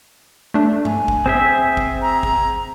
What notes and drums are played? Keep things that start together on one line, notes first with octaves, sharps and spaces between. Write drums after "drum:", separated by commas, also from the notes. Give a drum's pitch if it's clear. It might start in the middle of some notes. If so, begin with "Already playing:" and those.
A3 D4
G#5, drum: tom G2
drum: kick
C4 G#4 E5
drum: kick
A#5
drum: kick